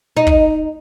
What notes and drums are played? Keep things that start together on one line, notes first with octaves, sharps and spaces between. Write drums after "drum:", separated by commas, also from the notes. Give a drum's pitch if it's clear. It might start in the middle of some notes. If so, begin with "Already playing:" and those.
D#4
drum: kick